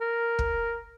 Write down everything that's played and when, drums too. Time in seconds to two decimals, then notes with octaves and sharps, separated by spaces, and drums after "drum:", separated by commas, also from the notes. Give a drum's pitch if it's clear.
0.01 A#4
0.39 drum: kick